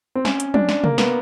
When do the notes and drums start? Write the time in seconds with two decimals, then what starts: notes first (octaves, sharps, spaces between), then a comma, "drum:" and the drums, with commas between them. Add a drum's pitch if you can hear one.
0.15 C4
0.25 C#4, drum: snare
0.40 drum: hi-hat
0.54 D4, drum: tom
0.69 drum: snare
0.84 A#3, drum: tom C3
0.98 B3, drum: snare